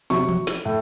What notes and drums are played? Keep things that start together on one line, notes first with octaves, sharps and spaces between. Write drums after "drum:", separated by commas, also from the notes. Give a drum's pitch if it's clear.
C3 F#3 C#6, drum: open hi-hat
drum: tom E3
drum: snare
A2